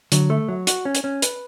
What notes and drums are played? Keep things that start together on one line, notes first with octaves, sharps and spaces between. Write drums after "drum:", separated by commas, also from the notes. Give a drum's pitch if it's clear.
D3 F#3, drum: hi-hat
A3
F#3
F#4, drum: hi-hat
C#4
drum: hi-hat
C#4
B4, drum: hi-hat